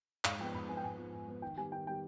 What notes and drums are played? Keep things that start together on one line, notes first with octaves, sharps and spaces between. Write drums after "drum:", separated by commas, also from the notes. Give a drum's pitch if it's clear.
G#2 F5, drum: clap
F3 B3 G5
G#2 B5
F3 B3 G#5
G5
G#2 G#5
F3 B3
G#2
F3 B3
D#3 G5
G3 B3 G#5
D#3 G5
G3 B3 G5